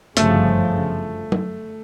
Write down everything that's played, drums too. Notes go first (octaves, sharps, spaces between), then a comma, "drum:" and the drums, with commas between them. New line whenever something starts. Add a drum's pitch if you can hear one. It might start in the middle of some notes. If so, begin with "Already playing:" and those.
G1 F#2 C#3 F3 A3 A4, drum: hi-hat
drum: tom F#3